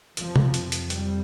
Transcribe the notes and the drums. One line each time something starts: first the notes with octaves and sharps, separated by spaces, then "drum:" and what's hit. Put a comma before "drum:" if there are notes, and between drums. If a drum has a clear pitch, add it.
F2 C3 F3, drum: hi-hat
drum: tom
drum: hi-hat
drum: hi-hat
G3, drum: hi-hat